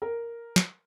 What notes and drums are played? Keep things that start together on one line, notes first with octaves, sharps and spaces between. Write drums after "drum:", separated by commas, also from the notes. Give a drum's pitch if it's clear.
A#4
drum: snare